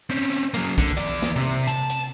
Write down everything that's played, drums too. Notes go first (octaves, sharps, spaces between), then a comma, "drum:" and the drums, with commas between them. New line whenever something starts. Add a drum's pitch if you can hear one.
C4 C#4
drum: hi-hat
F#3 A#3, drum: hi-hat
D3, drum: kick, hi-hat
E2 D5, drum: hi-hat
drum: snare
C3
A5, drum: hi-hat
drum: hi-hat